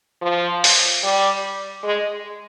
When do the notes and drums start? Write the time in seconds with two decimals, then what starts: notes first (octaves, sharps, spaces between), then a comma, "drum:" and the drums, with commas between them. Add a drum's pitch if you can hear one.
0.22 F3
0.64 drum: open hi-hat
1.03 G3
1.84 G#3